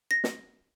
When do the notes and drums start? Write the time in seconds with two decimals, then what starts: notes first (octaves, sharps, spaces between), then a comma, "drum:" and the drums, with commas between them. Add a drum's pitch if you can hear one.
0.11 A#6
0.24 drum: snare